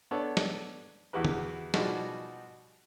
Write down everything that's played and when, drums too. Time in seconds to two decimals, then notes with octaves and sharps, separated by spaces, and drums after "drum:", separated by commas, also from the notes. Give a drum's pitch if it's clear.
0.11 B3 D4 A4 C#5 D5
0.37 drum: snare
1.13 E2 E4 F#4 G4 B4
1.25 drum: tom
1.74 B2 F3 G3 D#4 F#4 G#4, drum: snare